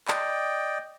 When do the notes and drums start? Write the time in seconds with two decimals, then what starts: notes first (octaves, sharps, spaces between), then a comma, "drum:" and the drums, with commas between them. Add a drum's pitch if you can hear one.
0.08 D5 D#5 G5, drum: clap